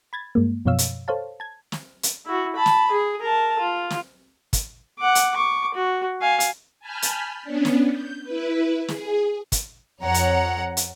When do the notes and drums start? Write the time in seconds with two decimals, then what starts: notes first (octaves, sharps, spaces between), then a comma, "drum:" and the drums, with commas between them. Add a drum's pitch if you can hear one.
0.13 B5 G#6 A6
0.35 G2 G#3 A#3
0.65 F#2 B2 F3 C#5 F5 E6
0.78 drum: hi-hat
1.08 A4 C5 C#5 F5 A5
1.40 A5 G#6
1.72 drum: snare
2.03 drum: hi-hat
2.25 E4 F#4
2.56 A5 B5
2.66 drum: snare
2.91 G#4
3.22 A#4 A5
3.59 F4
3.90 drum: snare
4.53 drum: kick, hi-hat
5.00 F#5 D6
5.15 drum: hi-hat
5.35 C#6 D6
5.74 F#4
6.22 F5 G#5
6.40 drum: hi-hat
6.80 G#5 A5 B5 F6 G6
7.02 drum: hi-hat
7.43 B3 C#4 D4
7.65 drum: snare
7.90 G6
8.24 E4 B4
8.88 G#4, drum: snare
9.52 drum: kick, hi-hat
10.02 F2 C#5 F#5 A#5
10.14 drum: hi-hat
10.77 drum: hi-hat